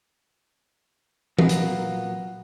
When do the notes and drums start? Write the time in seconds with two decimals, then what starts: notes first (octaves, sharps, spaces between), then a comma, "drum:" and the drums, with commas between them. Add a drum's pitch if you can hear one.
1.39 A#2 F#3 A#3 B3, drum: tom E3
1.49 drum: hi-hat